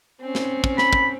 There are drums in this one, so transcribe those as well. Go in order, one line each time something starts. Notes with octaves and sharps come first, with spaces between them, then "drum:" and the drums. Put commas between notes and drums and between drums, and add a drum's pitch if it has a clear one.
C4 C#4
drum: snare
drum: kick
B5, drum: snare
drum: kick